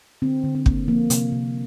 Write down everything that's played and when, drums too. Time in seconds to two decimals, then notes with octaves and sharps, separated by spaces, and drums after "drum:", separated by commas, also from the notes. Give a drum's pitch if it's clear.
0.22 D3 C4
0.44 D3
0.55 C4
0.66 A#3, drum: kick
0.88 F3 A#3
1.10 C3, drum: hi-hat
1.32 C3